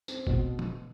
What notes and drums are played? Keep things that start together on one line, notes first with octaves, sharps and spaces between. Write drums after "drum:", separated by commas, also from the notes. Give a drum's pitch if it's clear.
C4, drum: tambourine
B2, drum: kick
drum: tom